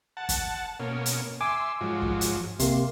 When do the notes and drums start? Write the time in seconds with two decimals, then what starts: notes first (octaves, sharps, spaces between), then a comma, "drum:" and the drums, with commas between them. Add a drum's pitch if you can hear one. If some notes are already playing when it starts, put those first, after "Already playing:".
0.17 F#5 A5
0.29 drum: kick, hi-hat
0.80 B2 A#3 C#4
1.06 drum: hi-hat
1.41 E5 G#5 C6 D6
1.81 G#2 F3 F#3
2.02 drum: kick
2.21 drum: hi-hat
2.59 C3 A#3 C6, drum: kick, hi-hat